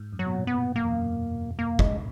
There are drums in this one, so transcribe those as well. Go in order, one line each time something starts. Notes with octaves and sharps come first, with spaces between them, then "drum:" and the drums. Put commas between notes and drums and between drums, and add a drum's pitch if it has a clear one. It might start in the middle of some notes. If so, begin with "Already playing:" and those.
Already playing: G#2
F#2
F#3
B2
A#2
B3
A#2
F#2 A#3
E2
F#2
A#3
G#3, drum: kick